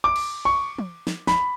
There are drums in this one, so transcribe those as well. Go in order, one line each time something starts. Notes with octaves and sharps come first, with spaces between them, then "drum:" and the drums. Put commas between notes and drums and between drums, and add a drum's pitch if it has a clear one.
D6
drum: cymbal
C#6
drum: tom
drum: snare
B5, drum: snare